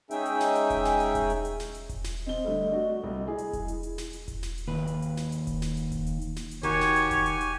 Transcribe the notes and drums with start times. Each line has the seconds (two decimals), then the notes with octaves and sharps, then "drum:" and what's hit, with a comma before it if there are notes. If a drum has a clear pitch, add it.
0.11 G#3 C#4 D#4 G#4 E5 G5, drum: hi-hat
0.26 drum: hi-hat
0.40 drum: snare
0.55 drum: hi-hat
0.70 drum: kick E1, hi-hat
0.85 drum: snare
1.00 drum: hi-hat
1.15 drum: kick E1, hi-hat
1.30 drum: hi-hat
1.45 drum: hi-hat
1.60 drum: snare
1.75 drum: hi-hat
1.89 drum: kick E1, hi-hat
2.04 drum: snare
2.27 C4 D#5 G7
2.44 D3 G3 A3
2.70 A3 D4 F#4
3.03 C2
3.28 E4 G#4
3.38 drum: hi-hat
3.53 drum: kick E1, hi-hat
3.68 drum: hi-hat
3.83 drum: hi-hat
3.98 drum: snare
4.13 drum: hi-hat
4.28 drum: kick E1, hi-hat
4.43 drum: snare
4.58 drum: hi-hat
4.68 D#2 B4
4.87 drum: hi-hat
5.02 drum: hi-hat
5.17 drum: snare
5.32 drum: hi-hat
5.47 drum: kick E1, hi-hat
5.62 drum: snare
5.77 drum: hi-hat
5.92 drum: kick E1, hi-hat
6.07 drum: hi-hat
6.21 drum: hi-hat
6.36 drum: snare
6.51 drum: hi-hat
6.63 D#3 F#4 G4 C#5 G#5, drum: kick E1, hi-hat
6.81 drum: snare
6.96 drum: hi-hat
7.11 drum: kick E1, hi-hat
7.26 drum: hi-hat
7.41 drum: hi-hat